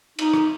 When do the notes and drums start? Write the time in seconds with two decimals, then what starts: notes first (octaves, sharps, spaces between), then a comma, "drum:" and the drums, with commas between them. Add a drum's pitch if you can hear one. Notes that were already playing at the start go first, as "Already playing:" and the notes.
0.19 D#4, drum: cymbal
0.34 drum: rim click